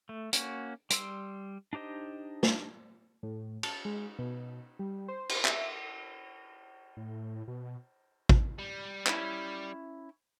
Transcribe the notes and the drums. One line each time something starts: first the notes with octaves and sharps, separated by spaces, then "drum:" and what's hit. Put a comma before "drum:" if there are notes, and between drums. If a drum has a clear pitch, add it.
A3
A#3 C#4 F#4, drum: hi-hat
G3 C6 E6, drum: hi-hat
D4 D#4 G4 C5 D#5
drum: snare
A2
A5, drum: cymbal
G#3
B2
G3
C5
drum: cymbal
E5, drum: clap
A2
B2
drum: kick
G3
C#4 E4, drum: clap